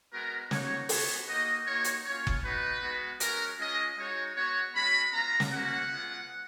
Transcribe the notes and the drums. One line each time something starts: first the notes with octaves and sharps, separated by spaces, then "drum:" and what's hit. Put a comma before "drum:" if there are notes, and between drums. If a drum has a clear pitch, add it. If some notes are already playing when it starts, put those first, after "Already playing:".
G#3 B3 F#4 A#4
A#3 D#4 F#4 C#5, drum: snare
B3 F#4 C#5, drum: open hi-hat
A#3 D#4 F#4 D#5
A#3 D#4 F#4 C#5
drum: hi-hat
A#3 C#4 F4 C#5
drum: kick F#1
B3 D#4 F#4 B4
G#3 B3 F#4
G#3 C#4 F#4 A#4, drum: hi-hat
G#3 C#4 F4 D#5
G#3 D#4 F#4 C#5
B3 F#4 C#5
G#3 C#4 F#4 B5
B3 F4 A#5
drum: snare
A#3 C#4 F#4 F#5
G#3 B3 F4